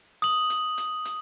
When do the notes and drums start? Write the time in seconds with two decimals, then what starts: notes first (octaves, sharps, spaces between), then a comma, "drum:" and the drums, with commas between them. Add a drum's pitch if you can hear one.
0.22 D#6 F#7
0.50 drum: hi-hat
0.78 drum: hi-hat
1.05 drum: hi-hat